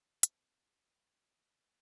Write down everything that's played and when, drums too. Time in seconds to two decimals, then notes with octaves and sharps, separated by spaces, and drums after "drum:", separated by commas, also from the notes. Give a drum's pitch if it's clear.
0.23 C4 C5 E5 A5, drum: hi-hat